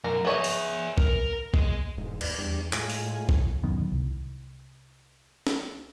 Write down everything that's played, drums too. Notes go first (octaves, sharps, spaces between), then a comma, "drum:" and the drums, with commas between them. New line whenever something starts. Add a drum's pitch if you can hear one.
B1 F#2 A#4
B3 G#4 C#5 D#5 E5
drum: open hi-hat
A#4, drum: kick
G#3, drum: kick
E1 G#2
D#2 B4 D5, drum: cymbal
E2 G3 D4
A2 G#3 F4 G#5, drum: clap
drum: open hi-hat
drum: kick
D1 F#2 D#3 B3
C2
drum: snare